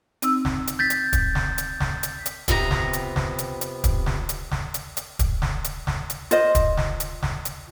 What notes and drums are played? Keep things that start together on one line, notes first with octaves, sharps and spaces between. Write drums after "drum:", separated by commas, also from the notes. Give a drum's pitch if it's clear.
C4 D#4 E6, drum: hi-hat
drum: snare
drum: hi-hat
G6 A6 B6
drum: hi-hat
drum: kick, hi-hat
drum: snare
drum: hi-hat
drum: snare
drum: hi-hat
drum: hi-hat
F2 C3 B3 G#4 A#5, drum: kick, hi-hat
drum: snare
drum: hi-hat
drum: snare
drum: hi-hat
drum: hi-hat
drum: kick, hi-hat
drum: snare
drum: hi-hat
drum: snare
drum: hi-hat
drum: hi-hat
drum: kick, hi-hat
drum: snare
drum: hi-hat
drum: snare
drum: hi-hat
F4 C5 D#5, drum: hi-hat
drum: kick, hi-hat
drum: snare
drum: hi-hat
drum: snare
drum: hi-hat